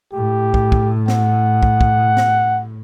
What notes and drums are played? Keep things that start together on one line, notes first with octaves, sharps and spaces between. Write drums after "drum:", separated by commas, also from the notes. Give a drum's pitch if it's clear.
A2 G4
drum: kick
drum: kick
F#5, drum: snare
drum: kick
drum: kick
drum: snare